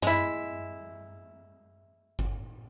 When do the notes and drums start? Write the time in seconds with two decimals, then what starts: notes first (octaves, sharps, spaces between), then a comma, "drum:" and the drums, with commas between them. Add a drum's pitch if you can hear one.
0.02 G#3 E4, drum: tom F#2
2.19 drum: kick G1